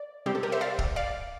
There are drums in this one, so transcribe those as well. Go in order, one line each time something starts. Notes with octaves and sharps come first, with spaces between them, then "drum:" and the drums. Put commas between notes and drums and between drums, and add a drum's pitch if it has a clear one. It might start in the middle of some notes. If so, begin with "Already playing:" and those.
Already playing: D5
C3 G3 C4 G4
A4
G4 A#4
C5 E5
D5 F5
drum: kick
D5 F5